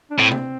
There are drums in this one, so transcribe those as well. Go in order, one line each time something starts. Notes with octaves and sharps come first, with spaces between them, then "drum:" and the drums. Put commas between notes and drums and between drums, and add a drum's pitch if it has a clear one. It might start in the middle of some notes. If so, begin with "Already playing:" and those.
D4
A2 C4
drum: tom C3